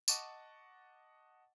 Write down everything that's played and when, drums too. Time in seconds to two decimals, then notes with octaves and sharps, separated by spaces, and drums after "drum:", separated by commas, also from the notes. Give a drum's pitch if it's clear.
0.08 D#5 F#5 A5 C#6 D6 A6, drum: tambourine